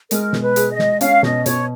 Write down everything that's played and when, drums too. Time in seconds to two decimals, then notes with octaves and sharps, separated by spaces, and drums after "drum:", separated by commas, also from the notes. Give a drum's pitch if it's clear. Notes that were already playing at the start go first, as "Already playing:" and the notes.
0.11 G#3 A#4, drum: hi-hat
0.33 B2, drum: snare
0.41 B4
0.56 G#4, drum: hi-hat
0.71 D#5
0.79 G#3, drum: snare
1.01 C#4 F5, drum: hi-hat
1.23 B2 D#5, drum: snare
1.46 B2 C#5, drum: hi-hat